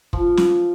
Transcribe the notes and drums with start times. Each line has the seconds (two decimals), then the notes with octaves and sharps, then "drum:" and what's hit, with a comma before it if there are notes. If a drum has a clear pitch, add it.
0.13 F3, drum: kick
0.37 drum: snare